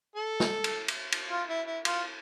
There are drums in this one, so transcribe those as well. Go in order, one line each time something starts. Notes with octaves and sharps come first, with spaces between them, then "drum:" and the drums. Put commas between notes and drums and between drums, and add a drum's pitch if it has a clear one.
A4
drum: snare
drum: cymbal
drum: cymbal
drum: cymbal
F4
E4
E4
F4, drum: cymbal